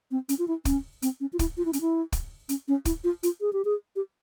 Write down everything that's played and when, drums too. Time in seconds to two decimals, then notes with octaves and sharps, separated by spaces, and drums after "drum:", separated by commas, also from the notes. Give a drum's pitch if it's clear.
0.11 C4
0.29 C#4, drum: hi-hat
0.39 F4
0.48 E4
0.65 C#4, drum: kick, hi-hat
1.02 C4, drum: hi-hat
1.20 C#4
1.33 F4
1.39 E4, drum: kick, hi-hat
1.57 F4
1.65 E4
1.73 C#4, drum: hi-hat
1.81 E4
2.12 drum: kick, hi-hat
2.49 C#4, drum: hi-hat
2.68 C#4
2.85 E4, drum: kick, hi-hat
3.04 F4
3.23 F4, drum: hi-hat
3.41 G#4
3.53 G4
3.65 G#4
3.96 G4